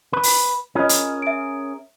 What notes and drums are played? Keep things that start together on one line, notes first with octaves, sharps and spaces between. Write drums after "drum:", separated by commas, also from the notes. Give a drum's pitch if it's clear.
B4
drum: open hi-hat
C#4 F4 G#4 A#4 C#5 D#5
drum: hi-hat
E5 D7